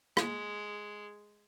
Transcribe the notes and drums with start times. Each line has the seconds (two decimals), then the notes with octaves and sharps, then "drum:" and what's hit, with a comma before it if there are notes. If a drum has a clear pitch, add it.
0.17 G#3, drum: rim click